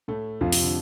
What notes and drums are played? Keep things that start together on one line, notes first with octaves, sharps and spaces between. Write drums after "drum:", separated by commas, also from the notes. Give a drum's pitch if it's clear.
A2 A3
F2 F3
C3, drum: open hi-hat
D3